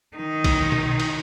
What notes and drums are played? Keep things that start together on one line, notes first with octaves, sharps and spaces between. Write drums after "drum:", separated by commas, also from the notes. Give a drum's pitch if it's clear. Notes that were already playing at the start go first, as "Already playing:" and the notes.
D#3 D#4
drum: kick, cymbal
drum: tom B2
drum: cymbal